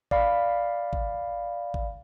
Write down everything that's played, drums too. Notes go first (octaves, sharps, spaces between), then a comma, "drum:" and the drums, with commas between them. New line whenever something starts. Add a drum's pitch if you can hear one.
D5 F5 B5, drum: kick G#1
drum: kick G#1
drum: kick G#1